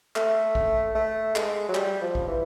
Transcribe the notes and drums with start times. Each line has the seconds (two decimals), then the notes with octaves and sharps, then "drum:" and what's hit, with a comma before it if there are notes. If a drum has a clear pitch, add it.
0.16 A3, drum: clap
0.55 drum: kick B1
0.95 A3
1.36 G#3, drum: clap
1.69 F#3
1.75 G3, drum: clap
2.02 F3
2.15 drum: kick B1
2.28 E3